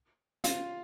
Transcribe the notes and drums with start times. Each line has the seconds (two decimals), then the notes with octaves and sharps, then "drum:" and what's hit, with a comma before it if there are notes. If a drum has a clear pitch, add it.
0.44 F4 F5, drum: hi-hat